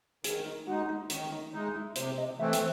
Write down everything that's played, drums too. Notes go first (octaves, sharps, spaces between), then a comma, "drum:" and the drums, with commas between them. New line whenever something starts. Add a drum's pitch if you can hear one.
D#3 G#4, drum: hi-hat
D#4
G#3 D#4 F#4
D#4
D#3 C#4, drum: hi-hat
D#4
G#3 D#4 E4
E4
C3 C5, drum: hi-hat
D#5
E3 A3 C4 E5
drum: hi-hat